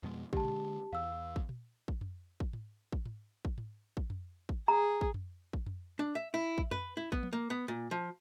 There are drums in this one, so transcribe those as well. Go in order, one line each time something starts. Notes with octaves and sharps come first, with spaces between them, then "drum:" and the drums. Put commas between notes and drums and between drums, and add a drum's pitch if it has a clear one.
F2 B2 G#3
D3 G#3 G4 A5, drum: kick
drum: tom A#2
E2 F5 E6
drum: kick
drum: tom A#2
drum: kick
drum: tom F2
drum: kick
drum: tom G#2
drum: kick
drum: tom G#2
drum: kick
drum: tom G#2
drum: kick
drum: tom F2
drum: kick
G#4 A#5
drum: kick
drum: tom F2
drum: kick
drum: tom F2
D4
E5
E4
drum: kick
B4, drum: tom F2
E4
B3, drum: kick
drum: tom F3
A#3
B3
A#2
F3